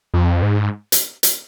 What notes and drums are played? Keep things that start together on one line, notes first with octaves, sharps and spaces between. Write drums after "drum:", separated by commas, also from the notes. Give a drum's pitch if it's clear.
F2
G#2
drum: hi-hat
drum: hi-hat